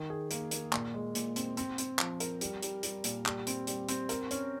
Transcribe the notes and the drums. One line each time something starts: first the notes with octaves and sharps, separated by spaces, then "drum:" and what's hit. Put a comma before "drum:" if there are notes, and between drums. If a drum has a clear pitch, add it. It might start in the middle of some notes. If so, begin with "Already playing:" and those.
Already playing: D#3
G#4
A#3, drum: hi-hat
A#3, drum: hi-hat
A#2, drum: clap
G#3
A#2, drum: hi-hat
C4, drum: hi-hat
C4, drum: hi-hat
C4, drum: hi-hat
F3, drum: clap
A#4, drum: hi-hat
G3, drum: hi-hat
G3, drum: hi-hat
G3, drum: hi-hat
A#2, drum: hi-hat
G3, drum: clap
C4, drum: hi-hat
G3, drum: hi-hat
C4, drum: hi-hat
A#4, drum: hi-hat
C#4, drum: hi-hat